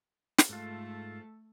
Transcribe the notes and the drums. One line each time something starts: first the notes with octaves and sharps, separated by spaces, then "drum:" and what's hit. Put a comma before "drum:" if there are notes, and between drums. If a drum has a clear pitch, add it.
drum: snare
G#2 A3 F4 A4